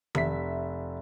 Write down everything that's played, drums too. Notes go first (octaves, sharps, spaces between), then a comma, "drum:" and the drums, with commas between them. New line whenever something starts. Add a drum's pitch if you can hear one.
F1 E5 B6, drum: tom D#3